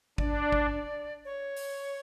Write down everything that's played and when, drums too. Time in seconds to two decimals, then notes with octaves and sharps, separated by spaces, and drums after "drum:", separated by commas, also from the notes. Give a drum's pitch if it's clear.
0.18 D4 D5, drum: kick G#1
0.52 drum: kick G#1
1.25 C#5
1.57 drum: open hi-hat